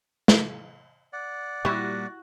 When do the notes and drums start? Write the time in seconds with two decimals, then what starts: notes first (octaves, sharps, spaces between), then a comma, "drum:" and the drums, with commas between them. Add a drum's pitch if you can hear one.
0.28 drum: snare
1.13 D5 F#5
1.65 A#2 G3 E4 F#4 G4